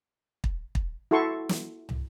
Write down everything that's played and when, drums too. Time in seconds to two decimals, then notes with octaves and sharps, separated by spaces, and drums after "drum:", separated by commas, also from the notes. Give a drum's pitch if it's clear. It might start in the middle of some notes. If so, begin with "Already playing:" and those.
0.44 drum: kick
0.75 drum: kick
1.11 E4 F#4 A4 C6 C#6
1.49 drum: snare
1.89 drum: tom